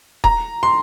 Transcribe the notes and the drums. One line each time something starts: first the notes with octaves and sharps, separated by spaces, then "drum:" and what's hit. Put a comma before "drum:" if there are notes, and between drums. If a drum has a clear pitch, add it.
A#5, drum: kick D#1
C6